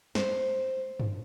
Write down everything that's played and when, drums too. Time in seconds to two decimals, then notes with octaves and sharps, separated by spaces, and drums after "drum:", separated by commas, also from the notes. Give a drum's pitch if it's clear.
0.15 C5, drum: snare
1.00 drum: tom G2